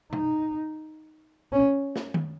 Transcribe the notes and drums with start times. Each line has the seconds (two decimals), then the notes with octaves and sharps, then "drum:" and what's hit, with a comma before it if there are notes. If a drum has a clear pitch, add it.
0.13 D#4, drum: tom
1.52 C#4
1.96 drum: snare
2.14 drum: tom D#3